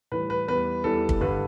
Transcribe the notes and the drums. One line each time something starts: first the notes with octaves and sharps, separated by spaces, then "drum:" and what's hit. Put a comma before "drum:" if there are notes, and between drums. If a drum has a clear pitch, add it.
A2 E3 G3 B4
B4
E2 E3 G3 B4
E2 E3 G3 A4
drum: kick
G2 D3 G3 B4